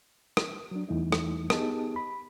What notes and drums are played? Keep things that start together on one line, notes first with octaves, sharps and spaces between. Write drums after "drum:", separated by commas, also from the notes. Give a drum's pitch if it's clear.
drum: rim click
F#3 D4
E2 E3 G3 A3 D#4 E4
drum: rim click
B3 D#4 G4 G#4 D#5 A5, drum: rim click
B5